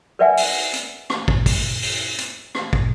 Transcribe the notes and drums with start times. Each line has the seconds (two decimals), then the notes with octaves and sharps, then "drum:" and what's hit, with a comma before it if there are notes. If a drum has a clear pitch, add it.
0.19 A#4 B4 D5 E5 F#5 G#5
0.37 drum: open hi-hat
0.74 drum: hi-hat
1.10 drum: rim click
1.28 drum: kick
1.46 drum: kick, open hi-hat
1.82 drum: open hi-hat
2.18 drum: hi-hat
2.55 drum: rim click
2.73 drum: kick